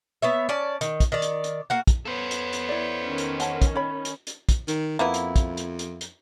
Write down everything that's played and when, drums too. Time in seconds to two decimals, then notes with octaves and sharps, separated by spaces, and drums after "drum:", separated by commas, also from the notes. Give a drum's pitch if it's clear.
0.22 B3 C#5 E5
0.49 C#4 D5 A5
0.81 D#3, drum: hi-hat
1.00 drum: kick, hi-hat
1.12 D#3 D5
1.22 drum: hi-hat
1.44 drum: hi-hat
1.70 A#3 F#4 F#5
1.87 drum: kick, hi-hat
2.05 B3 A4 C5 C#5
2.31 drum: hi-hat
2.53 drum: hi-hat
2.69 E4 D5
3.04 D#3 C#4
3.18 drum: hi-hat
3.40 F#5 A5, drum: hi-hat
3.62 drum: kick, hi-hat
3.75 C#5 B5
4.05 drum: hi-hat
4.27 drum: hi-hat
4.49 drum: kick, hi-hat
4.68 D#3, drum: hi-hat
4.99 F2 A#3 B3 E4
5.14 drum: hi-hat
5.36 drum: kick, hi-hat
5.57 drum: hi-hat
5.79 drum: hi-hat
6.01 drum: hi-hat